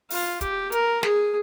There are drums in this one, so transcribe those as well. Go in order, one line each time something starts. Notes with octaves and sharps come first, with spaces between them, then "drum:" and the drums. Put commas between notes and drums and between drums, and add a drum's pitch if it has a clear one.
F4, drum: open hi-hat
G4, drum: kick, hi-hat
A#4, drum: hi-hat
G#4, drum: snare